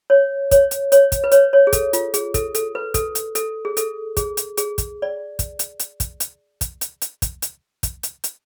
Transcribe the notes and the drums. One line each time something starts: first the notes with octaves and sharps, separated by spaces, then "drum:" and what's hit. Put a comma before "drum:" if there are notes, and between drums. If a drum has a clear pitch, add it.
C#5
C#5, drum: kick, hi-hat
drum: hi-hat
C#5, drum: hi-hat
drum: kick, hi-hat
B4
C#5, drum: hi-hat
C#5
G#4
A4, drum: kick, hi-hat
F4, drum: hi-hat
G#4, drum: hi-hat
A4, drum: kick, hi-hat
A4, drum: hi-hat
B4
A4, drum: kick, hi-hat
drum: hi-hat
A4, drum: hi-hat
G#4
A4, drum: hi-hat
G#4, drum: kick, hi-hat
drum: hi-hat
G#4, drum: hi-hat
drum: kick, hi-hat
D5
drum: kick, hi-hat
drum: hi-hat
drum: hi-hat
drum: kick, hi-hat
drum: hi-hat
drum: kick, hi-hat
drum: hi-hat
drum: hi-hat
drum: kick, hi-hat
drum: hi-hat
drum: kick, hi-hat
drum: hi-hat
drum: hi-hat